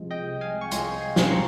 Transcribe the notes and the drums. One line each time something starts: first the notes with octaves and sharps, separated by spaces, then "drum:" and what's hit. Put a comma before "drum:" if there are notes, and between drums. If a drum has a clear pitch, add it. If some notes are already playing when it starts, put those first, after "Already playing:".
Already playing: C2 C3 F3 G#3
D#5 G5
F5 G#5
C#6
C2 C3 F3 G#3 G#5 C6, drum: hi-hat
G#5 C6
drum: snare
C6
A#5 C#6